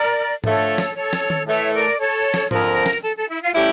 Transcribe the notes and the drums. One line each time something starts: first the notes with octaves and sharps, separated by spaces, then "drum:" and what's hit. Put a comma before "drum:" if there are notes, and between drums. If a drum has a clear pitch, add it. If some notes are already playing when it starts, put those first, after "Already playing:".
Already playing: A#4 D5
D3 F3 A3 A4 C#5, drum: tom G#2
drum: snare
A4 C#5
drum: snare
drum: tom D#3
A2 E3 A3 C#5 E5
A#4 D5
A4 C#5
drum: snare
F2 D3 F3 A#4, drum: tom G#2
drum: snare
A4
A4
E4
F4
A2 G3 C#4 E4 G4